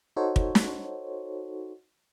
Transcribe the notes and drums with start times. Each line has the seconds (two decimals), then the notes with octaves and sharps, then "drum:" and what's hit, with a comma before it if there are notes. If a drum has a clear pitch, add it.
0.16 D#4 F#4 A4 C5 C#5
0.36 drum: kick
0.55 drum: snare